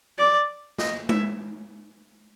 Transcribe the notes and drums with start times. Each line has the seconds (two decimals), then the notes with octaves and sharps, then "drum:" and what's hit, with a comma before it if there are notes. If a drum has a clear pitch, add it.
0.18 D5
0.78 D#5, drum: snare
1.09 E5, drum: tom G#3